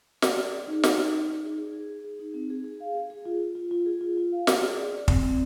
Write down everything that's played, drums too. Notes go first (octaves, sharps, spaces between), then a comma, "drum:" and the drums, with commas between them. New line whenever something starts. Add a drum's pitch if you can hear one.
D5, drum: snare
D5
G#4
D#4
D5, drum: snare
D#4
D#4
D#4
G#4
G#4
G#4
G#4
G#4
D#4
C4
G#4
G#4
F5
G#4
G#4
F4
F4
F4
F4
G#4
F4
F4
F5
G#4, drum: snare
G#4
D5
D5
C4, drum: kick
C4